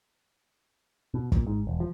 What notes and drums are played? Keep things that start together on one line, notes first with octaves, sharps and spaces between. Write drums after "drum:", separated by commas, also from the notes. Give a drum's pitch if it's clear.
B2
A#2, drum: kick
G#2
E1
F3